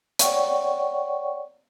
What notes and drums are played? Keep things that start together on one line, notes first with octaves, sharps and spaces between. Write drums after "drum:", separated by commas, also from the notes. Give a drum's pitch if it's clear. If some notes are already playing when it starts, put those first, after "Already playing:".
C#5 D5 F#5 G5 C#6, drum: hi-hat